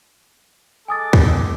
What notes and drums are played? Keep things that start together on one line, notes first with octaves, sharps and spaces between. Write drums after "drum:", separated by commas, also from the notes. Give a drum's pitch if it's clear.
G#3 A4 G#5 D6 D#6 A6
drum: kick